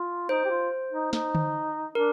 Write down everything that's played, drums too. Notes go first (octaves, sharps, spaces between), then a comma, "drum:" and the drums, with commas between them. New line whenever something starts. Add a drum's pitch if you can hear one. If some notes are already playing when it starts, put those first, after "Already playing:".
Already playing: F4
D#4 C5
G4
F4
D#4
D#4, drum: snare
drum: tom D3
D4 A#4